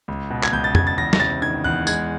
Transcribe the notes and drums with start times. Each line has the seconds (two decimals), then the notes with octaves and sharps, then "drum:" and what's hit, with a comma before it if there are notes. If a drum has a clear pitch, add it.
0.08 C#2
0.30 B2
0.43 G#6, drum: clap
0.53 C#2 G6
0.64 A6
0.75 C#2 G#6, drum: tom F2
0.87 A6
0.98 E2 A#6
1.13 A#6, drum: snare
1.20 C3 A6
1.42 D#3 G#6
1.64 E2 F#6
1.87 G#3 G#6, drum: tambourine